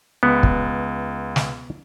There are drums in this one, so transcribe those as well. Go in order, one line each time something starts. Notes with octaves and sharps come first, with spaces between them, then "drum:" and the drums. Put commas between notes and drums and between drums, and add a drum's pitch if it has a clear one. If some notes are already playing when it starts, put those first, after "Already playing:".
C#2 B3
drum: kick
drum: snare